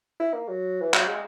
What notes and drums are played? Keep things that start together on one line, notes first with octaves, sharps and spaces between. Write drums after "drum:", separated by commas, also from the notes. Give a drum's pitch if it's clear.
E4
A#3
F#3
E3
F#3, drum: clap
G#3